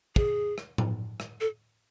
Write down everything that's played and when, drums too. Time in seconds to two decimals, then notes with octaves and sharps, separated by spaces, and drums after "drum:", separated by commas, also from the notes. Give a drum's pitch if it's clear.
0.16 G#4, drum: kick
0.58 drum: rim click
0.78 drum: tom A2
1.20 drum: rim click
1.41 A4